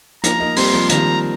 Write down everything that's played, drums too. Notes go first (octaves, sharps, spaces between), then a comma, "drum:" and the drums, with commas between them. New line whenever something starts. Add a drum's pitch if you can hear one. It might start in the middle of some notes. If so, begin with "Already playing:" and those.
F3 A#3 A#5, drum: hi-hat
A#3 D#4
G3 C4 C6, drum: open hi-hat
F3 A#3
D#3 G3 A#5, drum: hi-hat